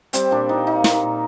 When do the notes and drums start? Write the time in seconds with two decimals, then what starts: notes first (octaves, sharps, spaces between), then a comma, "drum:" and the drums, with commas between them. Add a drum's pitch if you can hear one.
0.13 G3 C4, drum: hi-hat
0.31 A#2 D4
0.49 A#2 D#4
0.67 A#3 D#4
0.84 A#2, drum: snare
1.03 A#2